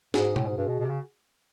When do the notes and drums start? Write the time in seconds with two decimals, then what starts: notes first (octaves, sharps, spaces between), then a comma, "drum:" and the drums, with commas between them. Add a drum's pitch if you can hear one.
0.14 G#2 F#4 G#4, drum: snare
0.36 A2, drum: tom B2
0.46 G#2
0.58 G2
0.68 B2
0.79 B2
0.85 C3
0.89 C#3